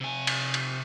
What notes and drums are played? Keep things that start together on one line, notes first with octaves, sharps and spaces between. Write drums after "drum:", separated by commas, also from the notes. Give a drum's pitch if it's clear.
C3 G#5
drum: cymbal
drum: cymbal